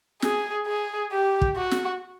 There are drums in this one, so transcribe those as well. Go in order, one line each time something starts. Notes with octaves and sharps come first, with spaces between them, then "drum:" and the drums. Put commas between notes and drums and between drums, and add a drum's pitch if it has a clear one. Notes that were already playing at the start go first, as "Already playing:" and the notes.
G#4, drum: snare
G#4
G4
drum: kick
F#4
drum: snare